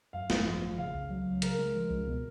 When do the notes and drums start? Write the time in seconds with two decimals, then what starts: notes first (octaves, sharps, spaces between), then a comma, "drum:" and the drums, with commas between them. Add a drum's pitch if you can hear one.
0.13 F#2 F5
0.30 G#1, drum: snare
0.46 F3
0.63 G#1
0.78 C#3 F5
0.94 C#2
1.10 F#3
1.26 C#2
1.42 C#3 A#4, drum: hi-hat
1.59 G#3
1.75 F3
1.90 C#2
2.08 B2